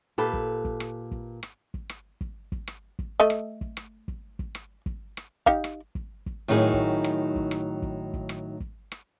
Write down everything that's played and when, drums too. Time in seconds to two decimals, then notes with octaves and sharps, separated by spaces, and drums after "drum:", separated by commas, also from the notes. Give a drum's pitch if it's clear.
0.18 A#2 G4 A4 B4
0.33 drum: kick
0.65 drum: kick
0.80 drum: rim click
1.11 drum: kick
1.43 drum: rim click
1.74 drum: kick
1.89 drum: rim click
2.21 drum: kick
2.52 drum: kick
2.67 drum: rim click
2.99 drum: kick
3.20 A3 D#5
3.30 drum: rim click
3.61 drum: kick
3.77 drum: rim click
4.08 drum: kick
4.39 drum: kick
4.55 drum: rim click
4.86 drum: kick
5.17 drum: rim click
5.46 D#4 G4 F5, drum: kick
5.64 drum: rim click
5.95 drum: kick
6.26 drum: kick
6.48 A2 D#3 F#3 D#4 G#4
6.73 drum: kick
7.04 drum: rim click
7.36 drum: kick
7.51 drum: rim click
7.82 drum: kick
8.14 drum: kick
8.29 drum: rim click
8.60 drum: kick
8.92 drum: rim click